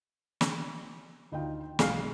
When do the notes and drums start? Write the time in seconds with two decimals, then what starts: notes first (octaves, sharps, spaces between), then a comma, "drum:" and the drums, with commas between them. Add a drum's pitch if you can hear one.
0.41 drum: snare
1.32 D2 D#4 F4 G5
1.79 B1 G#3 G#4 F5 F6 C7, drum: snare